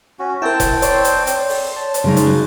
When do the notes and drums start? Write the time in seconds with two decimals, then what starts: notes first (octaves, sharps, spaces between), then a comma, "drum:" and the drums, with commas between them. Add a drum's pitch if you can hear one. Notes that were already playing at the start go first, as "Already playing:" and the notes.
0.19 C#4 F#4
0.42 C4 E4 A#4 G5 A5
0.60 drum: kick E1, hi-hat
0.82 C#5 D5 C6, drum: hi-hat
1.05 drum: hi-hat
1.27 drum: hi-hat
1.49 drum: open hi-hat
1.76 A5
1.94 drum: hi-hat
2.04 C#3 G#3 D#4
2.17 drum: hi-hat
2.26 F#3